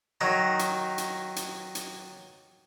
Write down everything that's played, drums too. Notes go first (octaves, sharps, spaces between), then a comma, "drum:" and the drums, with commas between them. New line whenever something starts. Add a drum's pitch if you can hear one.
D#3 F#3 D#4
drum: hi-hat
drum: hi-hat
drum: hi-hat
drum: hi-hat